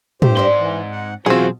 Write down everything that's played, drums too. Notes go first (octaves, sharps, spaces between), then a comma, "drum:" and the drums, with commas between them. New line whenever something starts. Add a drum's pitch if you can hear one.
G2 A3 G4 C5, drum: tom
G#2 C4 D5 C6
E3
F#5
B2 E3 F#3 C4 F4 F#4 G#4 C5